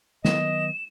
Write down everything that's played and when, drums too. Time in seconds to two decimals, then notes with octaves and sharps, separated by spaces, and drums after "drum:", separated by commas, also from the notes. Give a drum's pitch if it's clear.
0.24 D#3 F#3 B3 D#5 E7, drum: snare